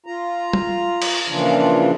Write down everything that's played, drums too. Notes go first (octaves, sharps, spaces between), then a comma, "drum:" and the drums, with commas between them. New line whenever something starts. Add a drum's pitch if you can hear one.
F4 A#5
drum: tom F#3
drum: cymbal
A#2 C#3 E3 F3 D4 F4